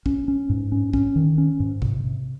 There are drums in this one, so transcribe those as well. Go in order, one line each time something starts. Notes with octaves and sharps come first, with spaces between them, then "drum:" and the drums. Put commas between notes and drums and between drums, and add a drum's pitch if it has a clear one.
C#4, drum: kick A1
C#4
G#2
C#4
C#4, drum: kick A1
D#3
C#4
G#2
C3, drum: kick A1
C3